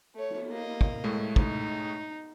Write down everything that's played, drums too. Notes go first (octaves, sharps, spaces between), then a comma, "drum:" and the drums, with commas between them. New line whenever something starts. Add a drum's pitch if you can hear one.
A3 C#5
drum: cymbal
A#3 D#5
drum: kick
A2 G#3 A3
D#4, drum: kick